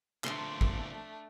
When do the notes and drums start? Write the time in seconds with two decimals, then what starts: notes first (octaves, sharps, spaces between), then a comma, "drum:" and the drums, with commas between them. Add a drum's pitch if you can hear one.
0.24 D2 A#2 A3 D4 C6, drum: clap
0.61 drum: kick